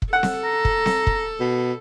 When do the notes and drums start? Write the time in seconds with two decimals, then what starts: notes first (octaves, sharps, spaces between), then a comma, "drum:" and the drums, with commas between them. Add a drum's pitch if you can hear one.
0.02 drum: kick
0.13 A4 F#5
0.23 drum: snare C4
0.44 A#5
0.65 drum: kick
0.86 drum: snare C4
1.07 drum: kick
1.40 B2